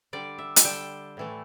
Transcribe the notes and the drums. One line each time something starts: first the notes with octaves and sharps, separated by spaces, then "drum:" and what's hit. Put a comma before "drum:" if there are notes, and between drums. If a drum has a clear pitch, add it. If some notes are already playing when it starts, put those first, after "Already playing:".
D3 G3 D5
E5
A5, drum: hi-hat
D3 G3 G5
A2 E3 A3